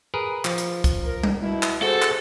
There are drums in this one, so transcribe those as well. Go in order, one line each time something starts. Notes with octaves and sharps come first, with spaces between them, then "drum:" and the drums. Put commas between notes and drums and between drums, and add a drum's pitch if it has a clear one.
G#4 A#4 B4
F3, drum: clap
drum: hi-hat
drum: kick C2, hi-hat
A#4
drum: tom G3
B2 E4
drum: clap
C3 F#4 G#4 A4 C5
drum: clap